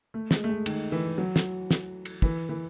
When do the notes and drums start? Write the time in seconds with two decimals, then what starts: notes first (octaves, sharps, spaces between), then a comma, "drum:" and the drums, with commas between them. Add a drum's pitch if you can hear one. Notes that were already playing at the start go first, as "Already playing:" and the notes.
0.14 A3
0.31 G#3, drum: snare
0.44 A3
0.49 G#3
0.66 D#3, drum: cymbal
0.92 E3
1.18 F#3
1.36 drum: snare
1.71 drum: snare
2.05 drum: cymbal
2.22 E3, drum: kick
2.49 E3